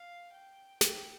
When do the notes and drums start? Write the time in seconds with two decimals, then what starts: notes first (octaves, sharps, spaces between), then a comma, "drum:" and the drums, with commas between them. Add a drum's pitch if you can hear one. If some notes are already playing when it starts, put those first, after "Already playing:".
Already playing: F5
0.33 G5
0.81 G5, drum: snare